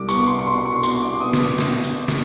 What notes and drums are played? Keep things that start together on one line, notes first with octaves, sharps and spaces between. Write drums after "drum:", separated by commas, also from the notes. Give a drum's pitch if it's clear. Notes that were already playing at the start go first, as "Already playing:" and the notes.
Already playing: C2 G3 D6
B3 C#6, drum: tambourine
C6
C#6
B2 C6
C#6
B2 C6, drum: tambourine
D6
B3 D#6
drum: snare
drum: snare
drum: tambourine
drum: snare